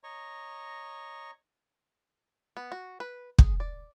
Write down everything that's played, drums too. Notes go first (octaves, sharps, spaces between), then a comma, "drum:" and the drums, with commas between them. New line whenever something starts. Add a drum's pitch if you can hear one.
C#5 D#5 A#5 C#6
B3
F#4
B4
G#4, drum: kick
D5